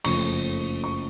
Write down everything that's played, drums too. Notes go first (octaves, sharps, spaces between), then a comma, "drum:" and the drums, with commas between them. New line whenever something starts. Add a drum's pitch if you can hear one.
F#1 F2 F3 A3 C#6, drum: cymbal
C#6